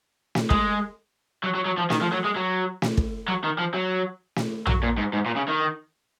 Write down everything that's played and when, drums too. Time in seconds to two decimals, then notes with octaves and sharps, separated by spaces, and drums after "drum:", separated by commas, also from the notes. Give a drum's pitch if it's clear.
0.35 drum: snare
0.50 G#3, drum: kick
1.44 F#3
1.55 F#3
1.66 F#3
1.78 F3
1.90 D#3, drum: snare
2.01 F3
2.12 F#3
2.25 G#3
2.36 F#3
2.82 drum: snare
2.97 drum: kick
3.28 F#3
3.44 D#3
3.59 F3
3.74 F#3
4.36 drum: snare
4.67 F#3, drum: tom A#1
4.83 A#2
4.98 G#2
5.13 G#2
5.26 A#2
5.36 C#3
5.48 D#3